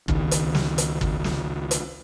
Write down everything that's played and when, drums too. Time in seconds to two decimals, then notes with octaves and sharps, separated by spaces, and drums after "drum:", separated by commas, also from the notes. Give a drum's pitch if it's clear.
0.08 C#2 D#3, drum: kick
0.31 drum: hi-hat
0.55 drum: snare
0.78 drum: hi-hat
1.01 drum: kick
1.24 drum: snare
1.71 drum: hi-hat